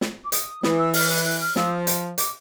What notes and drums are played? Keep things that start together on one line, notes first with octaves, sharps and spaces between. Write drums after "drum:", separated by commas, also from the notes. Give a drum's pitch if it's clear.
drum: snare
D6
D#6, drum: hi-hat
E3 D#6, drum: snare
E6
F6, drum: open hi-hat
F#6
F#6
F6
F3 E6, drum: snare
drum: hi-hat
D6, drum: hi-hat